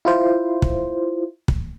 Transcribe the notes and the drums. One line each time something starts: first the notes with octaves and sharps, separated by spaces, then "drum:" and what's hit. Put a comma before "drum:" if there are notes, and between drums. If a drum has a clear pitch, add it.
E4 F4 C5
drum: kick
drum: kick